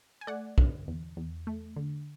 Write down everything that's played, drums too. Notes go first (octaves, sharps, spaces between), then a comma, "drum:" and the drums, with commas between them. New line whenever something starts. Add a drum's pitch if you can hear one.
G#5
A3 D5 F#5
D3, drum: kick
E2
E2
A3
D3